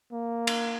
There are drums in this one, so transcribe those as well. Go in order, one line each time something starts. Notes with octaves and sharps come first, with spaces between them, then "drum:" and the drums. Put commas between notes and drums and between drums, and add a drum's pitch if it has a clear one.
A#3
drum: cymbal